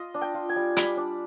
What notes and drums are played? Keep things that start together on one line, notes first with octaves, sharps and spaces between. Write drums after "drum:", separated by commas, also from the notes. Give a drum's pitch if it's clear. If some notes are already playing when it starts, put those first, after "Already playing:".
Already playing: F4 D#5
D4
G5
F4
G#5
G3
G3 B5, drum: hi-hat
D4